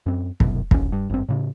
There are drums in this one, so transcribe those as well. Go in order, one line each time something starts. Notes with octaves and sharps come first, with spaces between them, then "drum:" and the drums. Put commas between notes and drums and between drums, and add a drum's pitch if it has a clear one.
F#2 C4
G1 C2 F#2 B2, drum: kick
A#1 D#2 C#4, drum: kick
G2
G#1 G2 C4
A2 C#3